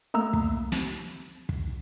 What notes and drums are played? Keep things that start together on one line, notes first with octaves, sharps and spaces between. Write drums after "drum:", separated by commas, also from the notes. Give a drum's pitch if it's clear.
A3 A#3 A#5 E6
drum: kick
drum: snare
drum: kick